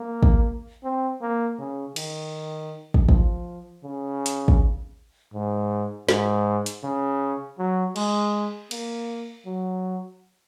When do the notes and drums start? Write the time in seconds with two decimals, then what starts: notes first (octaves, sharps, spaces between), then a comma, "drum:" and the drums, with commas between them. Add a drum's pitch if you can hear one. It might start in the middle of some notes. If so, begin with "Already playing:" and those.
Already playing: A#3
0.23 drum: kick
0.84 C4
1.21 A#3
1.59 C#3
1.96 D#3, drum: cymbal
2.94 drum: kick
3.09 F3, drum: kick
3.84 C#3
4.26 drum: hi-hat
4.48 drum: kick
5.33 G#2
6.09 G#2, drum: snare
6.66 drum: hi-hat
6.84 C#3
7.58 F#3
7.96 G#3, drum: cymbal
8.71 A#3, drum: cymbal
9.46 F#3